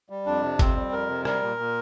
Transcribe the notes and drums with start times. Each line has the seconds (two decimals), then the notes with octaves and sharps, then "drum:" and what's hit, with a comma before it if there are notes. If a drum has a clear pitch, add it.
0.10 G3
0.26 F2 D4
0.43 C3
0.59 F2 C4, drum: kick G1, hi-hat
0.76 G3
0.92 F2 A#4
1.09 C3
1.25 G3 A#4, drum: rim click
1.42 A#2
1.59 A#2